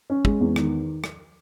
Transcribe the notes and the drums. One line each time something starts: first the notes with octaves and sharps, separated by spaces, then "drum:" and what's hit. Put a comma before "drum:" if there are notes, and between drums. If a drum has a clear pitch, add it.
C#4
G#3, drum: kick
E2
D#3, drum: rim click
drum: rim click